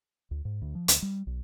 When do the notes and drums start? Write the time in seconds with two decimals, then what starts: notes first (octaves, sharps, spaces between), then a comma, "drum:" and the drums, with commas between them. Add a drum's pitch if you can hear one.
0.31 D2
0.45 G#2
0.62 D2
0.75 F3
0.88 D2, drum: hi-hat
1.02 G3
1.27 B1